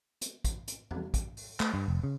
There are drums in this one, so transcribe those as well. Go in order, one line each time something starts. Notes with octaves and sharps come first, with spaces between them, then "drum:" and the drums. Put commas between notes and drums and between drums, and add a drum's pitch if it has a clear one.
drum: hi-hat
drum: kick, hi-hat
drum: hi-hat
drum: tom E2
drum: kick, hi-hat
drum: open hi-hat
A3, drum: clap
G2
F1
C#3